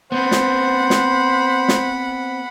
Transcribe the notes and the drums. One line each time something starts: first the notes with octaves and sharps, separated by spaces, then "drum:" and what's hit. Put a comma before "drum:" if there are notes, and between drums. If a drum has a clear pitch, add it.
B3 C4 C5 F#5 B5
drum: snare
drum: snare
drum: snare